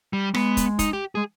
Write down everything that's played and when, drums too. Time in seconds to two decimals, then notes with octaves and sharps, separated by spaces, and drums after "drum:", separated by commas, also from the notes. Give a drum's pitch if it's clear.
0.13 G3
0.34 G#3 B3, drum: rim click
0.57 drum: kick, hi-hat
0.79 D#4, drum: kick, hi-hat
0.93 G4
1.15 G#3 G#4